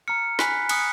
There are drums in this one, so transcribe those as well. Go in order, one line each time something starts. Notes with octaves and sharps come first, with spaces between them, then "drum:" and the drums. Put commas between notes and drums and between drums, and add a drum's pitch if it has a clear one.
A#5 F6 C#7
G#5 B5 F#6 B6, drum: snare
G#5 D#6 F#6 C#7, drum: cymbal